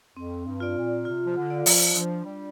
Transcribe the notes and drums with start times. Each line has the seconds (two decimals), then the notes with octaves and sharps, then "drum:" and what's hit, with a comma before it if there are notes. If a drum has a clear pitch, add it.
0.16 F2 C4
0.45 G2
0.60 F4 D5
0.77 A#2
1.05 C3 F4
1.25 F3
1.36 D3
1.50 D5 F5
1.66 F3, drum: open hi-hat
1.95 F3 D4
2.25 G3